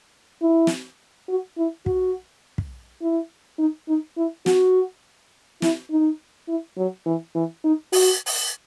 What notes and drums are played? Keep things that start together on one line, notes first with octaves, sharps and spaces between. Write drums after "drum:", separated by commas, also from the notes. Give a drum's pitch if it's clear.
E4
drum: snare
F#4
E4
F#4, drum: kick
drum: kick
E4
D#4
D#4
E4
F#4, drum: snare
E4, drum: snare
D#4
E4
F#3
E3
E3
D#4
F#4, drum: open hi-hat
drum: open hi-hat